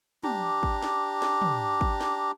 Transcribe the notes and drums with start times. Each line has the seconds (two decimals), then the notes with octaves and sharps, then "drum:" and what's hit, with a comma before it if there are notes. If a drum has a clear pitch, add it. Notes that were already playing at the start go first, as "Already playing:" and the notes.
0.24 D4 G4 A#5, drum: tom
0.63 drum: kick
0.83 drum: snare
1.22 drum: snare
1.42 drum: tom
1.81 drum: kick
2.01 drum: snare